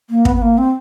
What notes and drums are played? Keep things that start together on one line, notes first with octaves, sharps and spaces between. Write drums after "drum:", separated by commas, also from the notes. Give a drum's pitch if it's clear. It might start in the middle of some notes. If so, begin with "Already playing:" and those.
A#3
B3, drum: kick
B3
A#3
C4